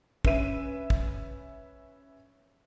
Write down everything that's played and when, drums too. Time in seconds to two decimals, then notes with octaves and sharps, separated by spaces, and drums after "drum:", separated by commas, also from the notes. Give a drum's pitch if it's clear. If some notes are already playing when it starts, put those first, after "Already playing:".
0.25 C#4 B4 E5 D#7, drum: kick
0.90 drum: kick